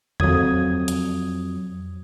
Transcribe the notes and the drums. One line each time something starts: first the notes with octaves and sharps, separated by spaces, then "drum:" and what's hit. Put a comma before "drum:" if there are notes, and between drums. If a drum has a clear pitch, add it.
F2 F#3 D#6 G#6, drum: tom E2
drum: hi-hat